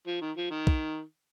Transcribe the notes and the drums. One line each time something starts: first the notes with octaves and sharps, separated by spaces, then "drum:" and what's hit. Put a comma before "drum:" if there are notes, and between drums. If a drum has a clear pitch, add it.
F3
D#3
F3
D#3
drum: kick